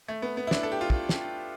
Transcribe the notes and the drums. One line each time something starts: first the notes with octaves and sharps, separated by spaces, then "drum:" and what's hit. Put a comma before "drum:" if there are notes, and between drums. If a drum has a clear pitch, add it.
A3
B3
B3
E4
D4, drum: snare
A4
G4
F4
drum: kick
drum: snare